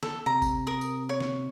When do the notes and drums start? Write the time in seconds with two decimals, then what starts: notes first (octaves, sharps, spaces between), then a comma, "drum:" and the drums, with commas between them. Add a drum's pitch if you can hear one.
0.03 A4, drum: snare
0.26 C3 A#5
0.42 drum: kick, tambourine
0.67 A#4 D#6
0.81 drum: tambourine
1.09 C#5
1.20 drum: snare